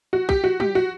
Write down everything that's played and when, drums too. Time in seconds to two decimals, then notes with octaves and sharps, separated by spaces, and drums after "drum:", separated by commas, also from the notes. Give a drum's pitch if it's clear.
0.13 F#4
0.29 G4, drum: kick
0.44 F#4
0.60 G4, drum: tom
0.75 F#4